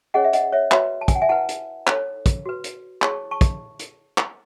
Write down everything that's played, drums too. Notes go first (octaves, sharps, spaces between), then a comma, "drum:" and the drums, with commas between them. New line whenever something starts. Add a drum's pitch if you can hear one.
C#4 G#4 C#5 D#5 F#5
E5
D#5 F#5, drum: hi-hat
C#5 E5
F#4 B4 C#5 E5, drum: clap
A5
G#5, drum: kick, hi-hat
F#5
E5 G#5
E4 B4 F#5 A5
drum: hi-hat
D#4 A4 C#5, drum: clap
drum: kick, hi-hat
F#4 B4
drum: hi-hat
E4 G#4 C#5 A5 C#6, drum: clap
A5 C#6
drum: kick, hi-hat
drum: hi-hat
drum: clap